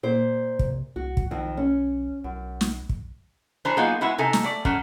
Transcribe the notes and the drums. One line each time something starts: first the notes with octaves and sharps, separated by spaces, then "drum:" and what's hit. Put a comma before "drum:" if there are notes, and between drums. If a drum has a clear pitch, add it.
A#2 C5
C3, drum: kick
C2 F#4
drum: kick
B1 F2 D#3
C#4
B1 F#2
drum: snare
drum: kick
E3 D4 C5 C#5 A#5
F#3 A#3 B3 D#4 F4 G#4
G#3 B3 E4 F#4 E5
C3 D#4 A4 G#5
drum: snare
A3 D5
F#3 A3 C#4, drum: kick